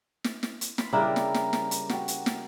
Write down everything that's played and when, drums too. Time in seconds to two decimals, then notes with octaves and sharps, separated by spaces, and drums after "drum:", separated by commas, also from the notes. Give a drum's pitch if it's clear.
0.24 drum: snare
0.43 drum: snare
0.61 drum: hi-hat
0.78 B5 C6, drum: snare
0.93 C#3 G3 D4 E4 A#4
1.16 drum: snare
1.34 drum: snare
1.53 drum: snare
1.71 drum: hi-hat
1.89 F#4 G5, drum: snare
2.08 drum: hi-hat
2.26 drum: snare